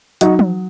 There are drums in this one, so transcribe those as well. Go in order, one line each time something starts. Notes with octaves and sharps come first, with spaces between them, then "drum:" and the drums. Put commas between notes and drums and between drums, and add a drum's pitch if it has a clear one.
F#3 D#4 F#4, drum: hi-hat
drum: tom